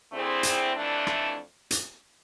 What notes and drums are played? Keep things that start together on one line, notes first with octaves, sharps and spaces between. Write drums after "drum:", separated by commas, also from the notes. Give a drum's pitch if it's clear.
D3 A3 C4 E4 G#4
drum: hi-hat
F2 E3 A3 D4
drum: rim click
drum: hi-hat